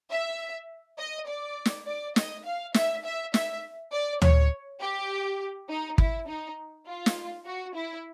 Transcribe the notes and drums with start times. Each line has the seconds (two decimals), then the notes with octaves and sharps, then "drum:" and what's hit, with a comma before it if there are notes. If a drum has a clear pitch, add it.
0.10 E5
0.98 D#5
1.27 D5
1.65 drum: snare
1.87 D5
2.16 D#5, drum: snare
2.45 F5
2.74 E5, drum: snare
3.04 E5
3.34 E5, drum: snare
3.92 D5
4.22 C#5, drum: tom
4.81 G4
5.69 D#4
5.98 E4, drum: kick
6.27 D#4
6.86 F4
7.06 drum: snare
7.46 F#4
7.75 E4